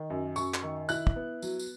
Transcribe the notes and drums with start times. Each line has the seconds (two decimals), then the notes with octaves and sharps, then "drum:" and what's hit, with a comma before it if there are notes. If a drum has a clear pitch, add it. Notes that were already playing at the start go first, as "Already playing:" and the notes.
Already playing: D#3
0.10 F#2
0.36 F#2 C#6, drum: tambourine
0.54 drum: clap
0.63 D#3
0.89 E4 F#6, drum: tambourine
1.07 drum: kick
1.16 B3
1.42 F#3, drum: tambourine
1.59 drum: tambourine